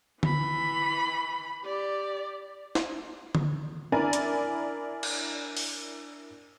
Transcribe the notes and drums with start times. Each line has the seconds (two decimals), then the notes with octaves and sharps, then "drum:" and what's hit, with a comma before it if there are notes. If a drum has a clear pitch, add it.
0.23 E3 B5, drum: tom D3
1.61 G4 D5
2.75 drum: snare
3.35 drum: tom D3
3.92 D4 E4 A#4 D5 G#5 A#5
4.13 drum: hi-hat
5.03 drum: cymbal
5.57 drum: open hi-hat